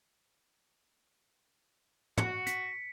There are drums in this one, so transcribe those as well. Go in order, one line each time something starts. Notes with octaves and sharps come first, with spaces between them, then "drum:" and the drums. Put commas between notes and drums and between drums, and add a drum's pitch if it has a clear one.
F#4 C#7, drum: tom
B6, drum: hi-hat